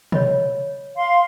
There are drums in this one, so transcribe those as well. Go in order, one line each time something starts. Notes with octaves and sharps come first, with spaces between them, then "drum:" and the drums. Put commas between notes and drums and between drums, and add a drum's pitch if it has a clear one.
C#5 D#5 B5, drum: tom
F5 C6